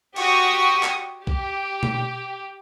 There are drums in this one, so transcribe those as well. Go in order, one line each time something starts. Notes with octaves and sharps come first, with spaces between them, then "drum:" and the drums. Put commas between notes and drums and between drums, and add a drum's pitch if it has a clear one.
F#4 G4 C#6 D#6, drum: cymbal
drum: clap
G4, drum: kick B1
drum: tom B2